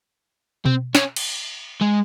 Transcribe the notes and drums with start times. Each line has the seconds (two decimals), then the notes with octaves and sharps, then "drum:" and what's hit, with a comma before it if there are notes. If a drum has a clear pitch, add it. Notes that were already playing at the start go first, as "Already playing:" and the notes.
0.66 C4, drum: tom B2
0.95 C#4, drum: snare
1.16 drum: cymbal
1.82 G#3